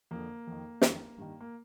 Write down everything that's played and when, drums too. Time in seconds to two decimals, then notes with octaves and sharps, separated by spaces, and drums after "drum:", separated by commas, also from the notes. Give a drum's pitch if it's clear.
0.11 F2 D3 A#3
0.47 F2 D#3
0.82 F2 D#3, drum: snare
1.18 G2 D#3
1.40 A#3